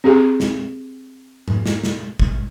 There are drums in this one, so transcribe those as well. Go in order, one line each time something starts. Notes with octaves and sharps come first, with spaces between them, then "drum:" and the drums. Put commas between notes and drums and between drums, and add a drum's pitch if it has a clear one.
C4 G4 G#4
drum: snare
drum: tom G#2
drum: snare
drum: snare
drum: kick